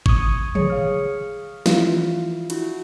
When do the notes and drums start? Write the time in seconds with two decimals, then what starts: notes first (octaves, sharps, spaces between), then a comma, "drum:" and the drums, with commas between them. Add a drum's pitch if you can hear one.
0.06 C#6 D#6 G#6, drum: kick G#1
0.55 G#4 C#5 C#7, drum: tom
0.70 F5 F6
1.66 E3 F3 E4 F4 F5, drum: snare
2.50 D4 E4 F#4, drum: cymbal